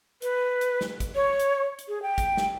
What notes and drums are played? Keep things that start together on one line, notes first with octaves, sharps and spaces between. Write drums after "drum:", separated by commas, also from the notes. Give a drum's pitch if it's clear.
B4, drum: hi-hat
drum: hi-hat
drum: snare
drum: kick, hi-hat
C#5
drum: hi-hat
drum: hi-hat
G#4
G5
drum: kick, hi-hat
drum: snare